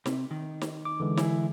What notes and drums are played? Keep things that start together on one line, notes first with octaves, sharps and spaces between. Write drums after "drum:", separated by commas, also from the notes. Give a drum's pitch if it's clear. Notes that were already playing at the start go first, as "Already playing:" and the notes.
C3, drum: snare
D#3
drum: snare
D6
D3 E3 G#3
E4 G#4, drum: snare